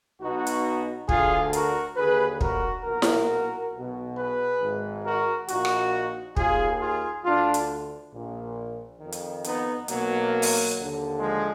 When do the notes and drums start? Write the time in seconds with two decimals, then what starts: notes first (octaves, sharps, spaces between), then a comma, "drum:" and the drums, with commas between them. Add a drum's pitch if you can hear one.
0.21 B1 B2 D#4 F#4
0.47 drum: hi-hat
1.09 D2 D3 F4 G#4, drum: kick
1.53 F#4 A#4, drum: hi-hat
1.97 D#2 D3 G#4 B4
2.41 F#4 A#4, drum: kick
2.84 B1 A#2 F#4 A#4
3.02 drum: snare E4
3.73 B1 B2
4.17 G#4 B4
4.60 G#1 G#2 D#3
5.05 F#4 A#4
5.48 A#1 A#2 D#4 F#4, drum: hi-hat
5.65 drum: rim click
6.37 D#2 D#3 F4 G#4, drum: kick
6.80 F4 G#4
7.24 D2 D3 D4 F4
7.54 drum: hi-hat
8.12 A#1 A#2
9.00 F2 D#3
9.12 drum: hi-hat
9.44 B3 D#4, drum: hi-hat
9.88 B1 B2 F#3 A#3, drum: hi-hat
10.42 drum: open hi-hat
10.76 D#2 D3
11.20 F3 G#3